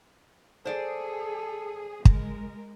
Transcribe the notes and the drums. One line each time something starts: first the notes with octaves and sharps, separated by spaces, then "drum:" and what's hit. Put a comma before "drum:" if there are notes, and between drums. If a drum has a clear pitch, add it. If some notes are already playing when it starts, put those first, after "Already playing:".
G#4 A4 C5 D5
G#3 A#4, drum: kick